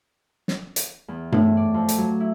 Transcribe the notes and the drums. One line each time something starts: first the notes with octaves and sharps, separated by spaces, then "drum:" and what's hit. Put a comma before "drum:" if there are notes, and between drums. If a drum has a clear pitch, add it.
drum: snare
drum: hi-hat
E2
A2, drum: tom G2
D5
F2
drum: hi-hat
F#3
E4